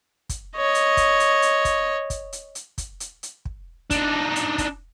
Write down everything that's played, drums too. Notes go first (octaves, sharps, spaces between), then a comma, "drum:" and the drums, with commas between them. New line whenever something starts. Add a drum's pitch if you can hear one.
drum: kick, hi-hat
C#5 D#5
drum: hi-hat
drum: kick, hi-hat
drum: hi-hat
drum: hi-hat
drum: kick, hi-hat
drum: kick, hi-hat
drum: hi-hat
drum: hi-hat
drum: kick, hi-hat
drum: hi-hat
drum: hi-hat
drum: kick
D4 D#4, drum: kick, hi-hat
drum: hi-hat
drum: kick, hi-hat